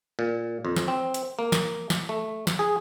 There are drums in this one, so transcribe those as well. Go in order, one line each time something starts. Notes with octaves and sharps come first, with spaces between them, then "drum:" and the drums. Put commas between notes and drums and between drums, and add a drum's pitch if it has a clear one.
A#2
F2
drum: snare
C4
drum: hi-hat
A#3
drum: snare
drum: snare
A3
drum: snare
G#4